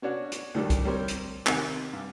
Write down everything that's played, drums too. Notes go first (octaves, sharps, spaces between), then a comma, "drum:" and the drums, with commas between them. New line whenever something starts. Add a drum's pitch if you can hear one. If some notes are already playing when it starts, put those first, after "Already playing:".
B3 C#4 D4 F#4
drum: hi-hat
D2 A2 D3 D#3 G3
drum: kick, hi-hat
G3 C4 A#4 C5 C#5
drum: hi-hat
C3 D#3 F#5 G#5, drum: clap
G2